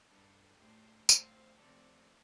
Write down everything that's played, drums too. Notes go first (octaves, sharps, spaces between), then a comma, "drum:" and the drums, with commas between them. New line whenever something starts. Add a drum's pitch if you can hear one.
G2 G3 D4 A4
A2 A3 D4 G4 C5
A2 A3 C4 C5 F5, drum: tambourine
C3 F3 A3 C4 A4 D5